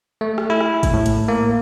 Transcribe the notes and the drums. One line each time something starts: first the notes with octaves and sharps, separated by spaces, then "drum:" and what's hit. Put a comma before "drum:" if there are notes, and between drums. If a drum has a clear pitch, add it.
A3
drum: rim click
E4
drum: rim click
drum: kick, hi-hat
A2
drum: hi-hat
A#3